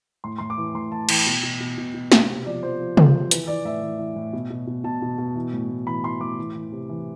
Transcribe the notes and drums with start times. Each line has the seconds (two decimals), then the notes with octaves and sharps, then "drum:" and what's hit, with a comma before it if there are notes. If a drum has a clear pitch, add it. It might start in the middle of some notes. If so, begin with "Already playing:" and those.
0.24 A2 C6
0.38 A2 C6
0.50 D6
0.58 E3
0.75 A2 C6
0.91 A2 A5
1.09 E3 G5, drum: cymbal
1.26 B2
1.43 B2
1.60 B2
1.78 B2
1.94 B2
2.12 B2, drum: snare
2.29 C3
2.45 F3 D5
2.62 F3 C5
2.79 F3
2.97 F3, drum: tom
3.13 C3
3.31 E3 B4, drum: hi-hat
3.47 E3 D5
3.65 A2 E5
3.82 E3
3.99 E3
4.16 A2
4.33 B2
4.50 B2
4.67 B2
4.84 B2 A5
5.02 B2
5.18 B2
5.35 E3
5.53 A2
5.70 A2
5.86 E3 B5
6.03 E3 C6
6.21 A2 D6
6.38 E3
6.55 E3
6.72 C3
6.89 E3